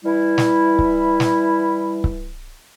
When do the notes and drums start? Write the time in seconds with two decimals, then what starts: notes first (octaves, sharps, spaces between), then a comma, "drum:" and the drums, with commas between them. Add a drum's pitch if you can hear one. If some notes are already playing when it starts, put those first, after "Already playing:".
0.04 E3 G3 E4
0.38 drum: snare
0.79 drum: kick C#1
1.20 drum: snare
2.04 drum: kick C#1